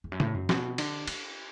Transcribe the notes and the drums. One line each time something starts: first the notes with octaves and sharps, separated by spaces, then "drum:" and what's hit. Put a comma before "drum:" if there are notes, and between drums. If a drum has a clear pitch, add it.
E2
F#2
A2, drum: tom
F#2
B2, drum: snare
D3, drum: cymbal
D4, drum: cymbal